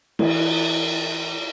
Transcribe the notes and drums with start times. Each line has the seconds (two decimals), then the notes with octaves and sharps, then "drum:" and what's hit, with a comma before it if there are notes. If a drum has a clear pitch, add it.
0.19 E3, drum: cymbal